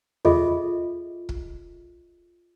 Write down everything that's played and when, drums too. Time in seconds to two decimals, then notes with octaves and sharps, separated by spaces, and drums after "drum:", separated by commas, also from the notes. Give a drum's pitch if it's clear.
0.25 F4 G#4 A4 D#5 E5, drum: tom D#2
1.29 drum: kick